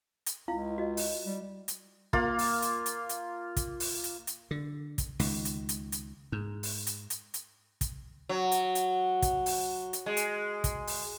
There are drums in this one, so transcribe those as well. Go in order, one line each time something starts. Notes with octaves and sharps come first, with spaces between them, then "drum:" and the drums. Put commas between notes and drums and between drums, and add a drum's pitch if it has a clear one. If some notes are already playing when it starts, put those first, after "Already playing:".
drum: hi-hat
C#2 E4 F4 F5
F#4 D#5
drum: open hi-hat
G3
drum: hi-hat
A#3 F4, drum: kick
drum: open hi-hat
drum: hi-hat
drum: hi-hat
drum: hi-hat
drum: kick, hi-hat
drum: open hi-hat
drum: hi-hat
drum: hi-hat
D3
drum: kick, hi-hat
C#2 D#3, drum: open hi-hat
drum: hi-hat
drum: hi-hat
drum: hi-hat
G#2
drum: open hi-hat
drum: hi-hat
drum: hi-hat
drum: hi-hat
drum: kick, hi-hat
F#3
drum: hi-hat
drum: hi-hat
drum: kick, hi-hat
drum: open hi-hat
drum: hi-hat
G#3
drum: hi-hat
drum: kick, hi-hat
drum: open hi-hat